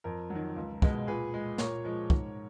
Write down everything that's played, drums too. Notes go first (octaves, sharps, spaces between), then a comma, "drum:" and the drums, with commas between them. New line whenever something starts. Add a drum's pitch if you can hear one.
F2 A#4
F#3
D#3
C#2
B2 G#3, drum: kick
A#2 G#4 B4
G#3
A#2 A#4 C#5, drum: snare
F3 G#3
G#2, drum: kick